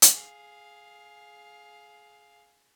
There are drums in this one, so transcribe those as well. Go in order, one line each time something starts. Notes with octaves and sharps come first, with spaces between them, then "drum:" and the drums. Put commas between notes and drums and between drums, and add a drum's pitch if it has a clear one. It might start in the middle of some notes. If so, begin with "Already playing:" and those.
drum: hi-hat
G#4 F5